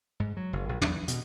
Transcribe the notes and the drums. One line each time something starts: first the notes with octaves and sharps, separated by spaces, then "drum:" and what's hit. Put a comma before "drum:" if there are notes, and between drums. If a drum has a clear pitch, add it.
G#2
F#3
F#1
A#1
E2, drum: tom
E3
B2, drum: hi-hat